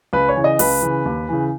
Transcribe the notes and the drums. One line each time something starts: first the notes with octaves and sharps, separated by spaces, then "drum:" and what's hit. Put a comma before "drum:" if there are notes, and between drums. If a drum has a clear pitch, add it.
C#2 B4
C#5
C#3 E3
D#5
C#2 B4, drum: open hi-hat
C#3 E3
D#2
C#3 E3